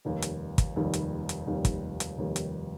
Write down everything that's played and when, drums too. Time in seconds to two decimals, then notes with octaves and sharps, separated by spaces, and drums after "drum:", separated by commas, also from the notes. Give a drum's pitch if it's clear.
0.05 F1 D#2 D#3 G3
0.22 drum: hi-hat
0.58 drum: kick, hi-hat
0.76 F1 D#2 D#3 G3
0.94 drum: hi-hat
1.29 drum: hi-hat
1.47 F1 D#2 D#3 G3
1.65 drum: kick, hi-hat
2.00 drum: hi-hat
2.18 F1 D#2 D#3 G3
2.36 drum: hi-hat